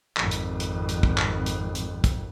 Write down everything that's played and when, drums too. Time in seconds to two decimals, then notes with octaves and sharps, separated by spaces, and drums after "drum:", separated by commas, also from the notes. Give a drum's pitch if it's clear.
0.17 G#1 F2, drum: clap
0.31 drum: hi-hat
0.60 drum: hi-hat
0.89 drum: hi-hat
1.03 drum: kick
1.18 drum: clap
1.46 drum: hi-hat
1.75 drum: hi-hat
2.04 drum: kick, hi-hat